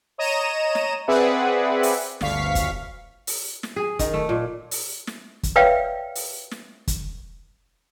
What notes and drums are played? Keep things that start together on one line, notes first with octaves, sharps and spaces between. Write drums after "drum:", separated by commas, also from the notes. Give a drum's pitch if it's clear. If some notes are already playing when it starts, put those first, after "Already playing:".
C#5 D#5 A#5 D#7 E7
drum: snare
C4 G#4 B4 D5 E5 F#5
drum: open hi-hat
G1 D2 F5 C#6 B6, drum: snare
drum: kick, hi-hat
drum: open hi-hat
drum: snare
G#4
D#3, drum: kick, hi-hat
A3
A#2
drum: open hi-hat
drum: snare
drum: kick, hi-hat
B4 C#5 D5 E5 F5 G5
drum: open hi-hat
drum: snare
drum: kick, hi-hat